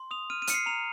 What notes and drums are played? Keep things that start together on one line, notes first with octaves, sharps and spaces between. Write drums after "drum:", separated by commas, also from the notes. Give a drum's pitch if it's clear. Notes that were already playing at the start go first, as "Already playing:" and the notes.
Already playing: C6
D#6 F7
F6 D#7
D#7
F6 C#7, drum: hi-hat
C7
A#5 F7